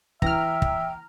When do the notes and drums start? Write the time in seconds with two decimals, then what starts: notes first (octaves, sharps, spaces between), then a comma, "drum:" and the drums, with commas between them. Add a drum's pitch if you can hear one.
0.22 E3 E5 G5 A#5 F6, drum: kick
0.62 drum: kick